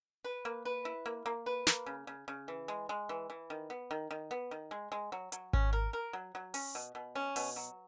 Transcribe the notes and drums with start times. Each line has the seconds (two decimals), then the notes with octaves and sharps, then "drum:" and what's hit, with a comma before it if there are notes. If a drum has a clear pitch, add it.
0.24 B4
0.45 A#3
0.65 B4
0.85 E4
1.06 A#3
1.26 A#3
1.46 B4
1.67 A#3, drum: snare
1.86 C#3
2.07 C#3
2.28 C#3
2.48 E3
2.68 G#3
2.89 G#3
3.09 E3
3.30 E3
3.50 D#3
3.70 B3
3.91 D#3
4.11 D#3
4.31 B3
4.51 D#3
4.71 G#3
4.92 G#3
5.12 F#3
5.32 F#3, drum: hi-hat
5.53 C#4, drum: kick G#1
5.73 A#4
5.93 A#4
6.13 F#3
6.35 F#3
6.54 C#4, drum: open hi-hat
6.75 B2
6.95 B2
7.15 C#4
7.36 B2, drum: open hi-hat
7.56 F#3